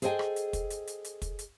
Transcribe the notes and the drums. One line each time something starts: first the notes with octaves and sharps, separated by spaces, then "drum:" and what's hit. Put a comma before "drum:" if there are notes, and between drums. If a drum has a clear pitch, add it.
G#4 A4 C5 D#5 G5 G#5, drum: hi-hat
drum: rim click
drum: hi-hat
drum: kick, hi-hat
drum: hi-hat
drum: hi-hat
drum: hi-hat
drum: kick, hi-hat
drum: hi-hat